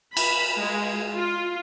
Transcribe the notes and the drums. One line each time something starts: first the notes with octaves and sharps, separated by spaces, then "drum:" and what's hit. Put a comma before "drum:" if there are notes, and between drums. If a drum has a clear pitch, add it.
B5, drum: cymbal
G#3
F4